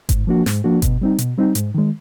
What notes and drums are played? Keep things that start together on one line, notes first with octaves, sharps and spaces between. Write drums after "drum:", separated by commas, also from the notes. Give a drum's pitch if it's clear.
G#2, drum: kick G1, hi-hat
F3 A#3 D4 F#4
G#2, drum: snare
F3 A#3 D4 F#4
B2, drum: kick G1, hi-hat
G3 C4 D#4
B2, drum: hi-hat
G3 C4 D#4
G#2, drum: hi-hat
D#3 G#3